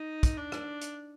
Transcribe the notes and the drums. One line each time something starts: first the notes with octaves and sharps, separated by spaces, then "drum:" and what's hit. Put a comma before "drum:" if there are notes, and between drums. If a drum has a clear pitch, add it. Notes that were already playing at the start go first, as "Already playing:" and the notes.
Already playing: D#4
drum: kick, hi-hat
D4
drum: rim click
drum: hi-hat